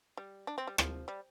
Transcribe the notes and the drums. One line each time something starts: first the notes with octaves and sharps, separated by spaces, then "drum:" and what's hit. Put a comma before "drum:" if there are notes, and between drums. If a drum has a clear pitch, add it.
G3
D4
C4
G3
F3, drum: rim click
G3